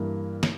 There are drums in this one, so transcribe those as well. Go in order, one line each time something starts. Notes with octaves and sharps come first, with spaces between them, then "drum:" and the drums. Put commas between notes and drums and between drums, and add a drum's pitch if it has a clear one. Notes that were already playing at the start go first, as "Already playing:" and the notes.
Already playing: G2 E3 A#3
drum: snare